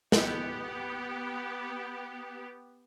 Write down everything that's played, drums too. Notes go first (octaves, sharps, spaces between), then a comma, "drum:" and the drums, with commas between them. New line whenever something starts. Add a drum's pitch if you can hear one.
B3 G4, drum: snare